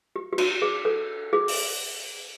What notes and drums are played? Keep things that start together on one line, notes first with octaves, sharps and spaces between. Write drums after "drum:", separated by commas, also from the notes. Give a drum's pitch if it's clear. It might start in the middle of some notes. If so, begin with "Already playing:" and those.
G4
G4
F#4, drum: cymbal
G#4
A4
G#4
drum: open hi-hat